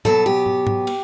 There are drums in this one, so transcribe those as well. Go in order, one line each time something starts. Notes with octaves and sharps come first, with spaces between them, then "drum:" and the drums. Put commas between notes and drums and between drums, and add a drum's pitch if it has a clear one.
B2 F#3 B3 A4, drum: tom
G4
drum: tom
drum: tom G#2
drum: cymbal